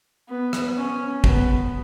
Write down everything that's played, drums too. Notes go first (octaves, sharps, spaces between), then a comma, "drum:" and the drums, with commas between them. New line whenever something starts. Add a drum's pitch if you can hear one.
B3
drum: rim click
C#4
B3, drum: kick